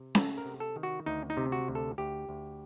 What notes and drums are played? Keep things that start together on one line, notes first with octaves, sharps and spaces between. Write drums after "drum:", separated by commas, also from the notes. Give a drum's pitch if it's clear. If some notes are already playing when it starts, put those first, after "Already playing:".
Already playing: C3
A3 A4, drum: snare C#4
A#4
C3
A4
D#3
F#4
D2 D#4
D#4
C3
F#4
D2
A4
D2 G4
D2